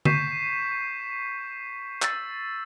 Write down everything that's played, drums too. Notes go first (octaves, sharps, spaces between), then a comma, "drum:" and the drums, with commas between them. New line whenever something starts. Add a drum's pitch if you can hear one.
C#6 G6 B6 C7 D#7 E7, drum: tom D3
E6 A6, drum: clap